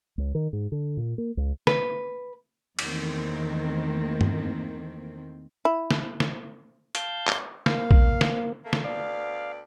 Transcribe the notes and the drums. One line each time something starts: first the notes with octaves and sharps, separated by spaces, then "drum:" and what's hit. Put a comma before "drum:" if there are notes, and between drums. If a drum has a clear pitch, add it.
C#2
D#3
G#2
D3
A#2
A#3
C#2
B4, drum: snare
E2 D#3 A3 A#3 C4, drum: cymbal
drum: tom G2
E4
drum: snare
drum: snare
F5 A5 G6, drum: hi-hat
drum: clap
A#3 F5, drum: snare
drum: kick A#1
drum: snare
A3 A#3
drum: snare
D2 B3 D5 F5